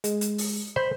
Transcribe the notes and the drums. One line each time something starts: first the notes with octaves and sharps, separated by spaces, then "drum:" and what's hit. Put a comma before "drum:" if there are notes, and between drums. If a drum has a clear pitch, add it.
G#3, drum: hi-hat
drum: hi-hat
drum: open hi-hat
C5 B5